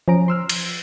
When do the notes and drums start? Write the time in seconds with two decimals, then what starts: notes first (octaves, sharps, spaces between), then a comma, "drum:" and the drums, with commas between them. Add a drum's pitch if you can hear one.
0.08 F3 C#4 A#5 D7
0.28 C6 E6 F6
0.49 drum: cymbal